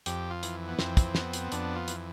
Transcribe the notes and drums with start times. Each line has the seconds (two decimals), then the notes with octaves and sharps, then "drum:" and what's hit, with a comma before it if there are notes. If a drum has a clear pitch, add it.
0.06 F2 G4, drum: hi-hat
0.30 F4
0.43 E3, drum: hi-hat
0.68 B3
0.79 F2 C4, drum: snare
0.97 drum: kick, hi-hat
1.15 B3, drum: snare
1.33 drum: hi-hat
1.52 F2 D4, drum: hi-hat
1.76 F4
1.88 E3, drum: hi-hat